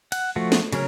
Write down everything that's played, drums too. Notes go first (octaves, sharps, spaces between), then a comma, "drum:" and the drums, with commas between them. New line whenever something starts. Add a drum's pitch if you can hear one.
F#5, drum: cymbal
F3 A3 F#4
drum: snare
C#3 F#3 C#4 A#4, drum: cymbal